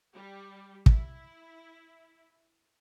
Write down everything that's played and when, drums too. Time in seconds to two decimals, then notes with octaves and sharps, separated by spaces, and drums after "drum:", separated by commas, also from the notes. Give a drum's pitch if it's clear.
0.14 G3
0.86 E4, drum: kick